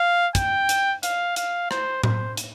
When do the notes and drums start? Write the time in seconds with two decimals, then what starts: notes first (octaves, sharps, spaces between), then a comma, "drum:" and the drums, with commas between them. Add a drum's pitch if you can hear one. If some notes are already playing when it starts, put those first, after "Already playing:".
Already playing: F5
0.35 G5, drum: kick, hi-hat
0.69 drum: hi-hat
1.03 F5, drum: hi-hat
1.36 F5, drum: hi-hat
1.71 C5, drum: rim click
2.03 C5, drum: tom A2
2.37 drum: hi-hat